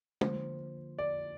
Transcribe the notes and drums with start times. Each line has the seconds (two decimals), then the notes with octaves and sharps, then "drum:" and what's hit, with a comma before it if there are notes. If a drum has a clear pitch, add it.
0.21 D3 F3 A#3 C5, drum: tom
0.99 D5